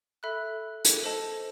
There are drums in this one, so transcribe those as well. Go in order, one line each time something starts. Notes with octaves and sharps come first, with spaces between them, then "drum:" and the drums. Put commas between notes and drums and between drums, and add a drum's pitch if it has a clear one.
A4 E5 B5 F#6
drum: hi-hat
A4 C5 D#5 A5